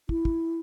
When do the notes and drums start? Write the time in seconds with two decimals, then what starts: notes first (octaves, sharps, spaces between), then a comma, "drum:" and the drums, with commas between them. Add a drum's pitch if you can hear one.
0.09 E4, drum: kick
0.25 drum: kick